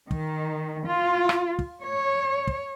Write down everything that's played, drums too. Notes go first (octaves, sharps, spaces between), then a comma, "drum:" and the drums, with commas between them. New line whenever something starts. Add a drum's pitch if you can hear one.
D#3, drum: kick
F4
drum: rim click
drum: kick
C#5
drum: kick